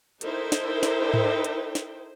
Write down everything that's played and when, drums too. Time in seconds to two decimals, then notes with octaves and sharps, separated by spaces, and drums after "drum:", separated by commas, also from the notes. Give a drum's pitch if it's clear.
0.21 D#4 E4 A4 A#4 C5 G5, drum: hi-hat
0.52 drum: snare
0.83 drum: snare
1.14 drum: tom G#2
1.44 drum: hi-hat
1.75 drum: snare